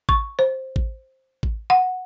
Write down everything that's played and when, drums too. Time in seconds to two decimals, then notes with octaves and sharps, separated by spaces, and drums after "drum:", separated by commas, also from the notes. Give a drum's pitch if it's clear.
0.09 C#6, drum: kick A1
0.39 C5
0.76 drum: kick A1
1.43 drum: kick A1
1.70 F#5